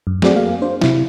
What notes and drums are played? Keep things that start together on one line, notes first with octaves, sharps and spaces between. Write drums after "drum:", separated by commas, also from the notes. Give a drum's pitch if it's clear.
F#2
F#3 A3 C4 F#4 G#4 D5, drum: snare
A#3 F5
D4 C5
C3 E4, drum: snare